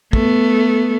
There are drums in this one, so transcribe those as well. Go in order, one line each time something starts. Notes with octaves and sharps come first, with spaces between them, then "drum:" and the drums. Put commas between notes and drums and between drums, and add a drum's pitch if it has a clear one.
A3 B3, drum: kick